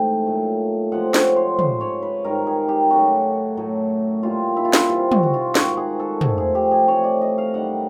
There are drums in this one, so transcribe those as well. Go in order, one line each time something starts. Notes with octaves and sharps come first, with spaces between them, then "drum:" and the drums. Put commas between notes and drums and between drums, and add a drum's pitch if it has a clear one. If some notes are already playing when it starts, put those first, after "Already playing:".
Already playing: G#2 C3 E3 A3 G5
A#2 F#3 A3
C3 F3 G#3 F#5
C#5, drum: snare
C5
C#3 F3 G#3 C5, drum: tom
C#5
B4
G#2 D#3 G3 A#4
G#4
G4
F#2 C#3 F#3 A3 F#4
A2 F#3 A3
A#2 G3 F4
E4
F4
E4, drum: snare
C3 E3 G3 F4
F#4, drum: tom
F#4
F4
G#2 D#3 G#3 F#4, drum: snare
G#4
A4
G#2 F3 A3 G#4, drum: tom
G#4
G4
G#4
C3 E3 A3 C#5
D5
D#5
F5
F#2 D#3 G3 F#5